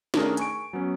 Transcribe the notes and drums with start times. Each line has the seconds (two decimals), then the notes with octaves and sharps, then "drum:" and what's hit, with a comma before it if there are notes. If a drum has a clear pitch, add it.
0.14 D#3 A3 C#4 D4 G#4 A#4, drum: snare
0.37 G#5 C#6 D7, drum: hi-hat
0.73 F#3 B3 C#4